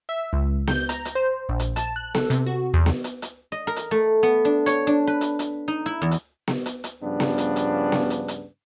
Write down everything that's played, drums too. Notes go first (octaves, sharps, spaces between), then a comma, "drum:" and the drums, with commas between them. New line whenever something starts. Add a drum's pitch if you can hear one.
E5
C#2
G6, drum: snare B3
A#5, drum: hi-hat
drum: hi-hat
C5
A#1
drum: hi-hat
A5, drum: hi-hat
F#6
A4, drum: snare B3
C3, drum: hi-hat
F#4
E2
drum: snare B3
drum: hi-hat
drum: hi-hat
D#5
A#4
drum: hi-hat
A3
B3
D4
C#5, drum: hi-hat
D4
B4
drum: hi-hat
drum: hi-hat
D#4
E4
E2
drum: hi-hat
drum: snare B3
drum: hi-hat
drum: hi-hat
G2 C#3 F3 B3 D4
drum: snare B3
drum: hi-hat
drum: hi-hat
drum: snare B3
drum: hi-hat
drum: hi-hat